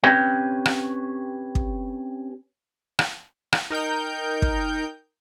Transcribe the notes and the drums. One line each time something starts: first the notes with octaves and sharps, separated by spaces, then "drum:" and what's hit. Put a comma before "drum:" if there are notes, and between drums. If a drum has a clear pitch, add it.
C4 C#4 G4 B4 C#5 G5
drum: rim click
drum: kick
drum: rim click
drum: rim click
D#4 A#4 G5 G6
drum: kick